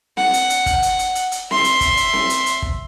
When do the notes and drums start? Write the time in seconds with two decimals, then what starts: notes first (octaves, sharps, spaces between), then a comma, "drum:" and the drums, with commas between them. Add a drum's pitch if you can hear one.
0.17 F#5, drum: snare C4
0.33 drum: hi-hat
0.50 drum: hi-hat
0.66 drum: kick, hi-hat
0.83 drum: hi-hat
0.99 drum: hi-hat
1.15 drum: hi-hat
1.32 drum: hi-hat
1.51 E5 C6, drum: snare C4
1.64 drum: hi-hat
1.81 drum: kick, hi-hat
1.97 drum: hi-hat
2.13 drum: snare C4
2.30 drum: hi-hat
2.46 drum: hi-hat
2.62 drum: kick